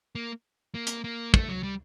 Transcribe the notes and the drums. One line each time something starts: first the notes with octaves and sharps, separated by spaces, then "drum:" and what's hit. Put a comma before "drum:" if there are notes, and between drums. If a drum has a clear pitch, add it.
A#3
A#3
drum: hi-hat
A#3
A3, drum: kick
F#3
G3